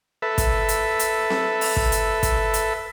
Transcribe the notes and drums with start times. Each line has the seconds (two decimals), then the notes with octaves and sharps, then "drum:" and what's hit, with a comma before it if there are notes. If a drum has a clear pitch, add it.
0.22 A4 B4 E5
0.38 drum: kick, hi-hat
0.69 drum: hi-hat
0.99 drum: hi-hat
1.30 drum: snare C4
1.61 drum: open hi-hat
1.76 drum: kick
1.92 drum: hi-hat
2.23 drum: kick, hi-hat
2.54 drum: hi-hat